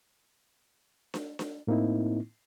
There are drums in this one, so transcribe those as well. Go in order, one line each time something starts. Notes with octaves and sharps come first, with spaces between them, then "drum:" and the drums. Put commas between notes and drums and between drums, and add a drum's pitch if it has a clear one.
drum: snare D4
drum: snare D4
A2 A#3 C4 D#4 E4